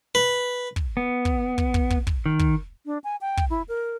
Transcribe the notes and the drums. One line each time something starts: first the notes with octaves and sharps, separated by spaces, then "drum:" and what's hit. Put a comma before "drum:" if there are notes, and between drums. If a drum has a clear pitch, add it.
B4
drum: kick
B3
drum: kick
drum: kick
drum: kick
drum: kick
drum: kick
D#3
drum: kick
D4
G#5
G5
drum: kick
E4
A#4